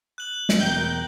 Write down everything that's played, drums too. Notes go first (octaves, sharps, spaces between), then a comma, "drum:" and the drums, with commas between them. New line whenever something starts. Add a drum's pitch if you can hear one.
F#6 F#7
drum: snare
E2 B2 A#4 G5 G6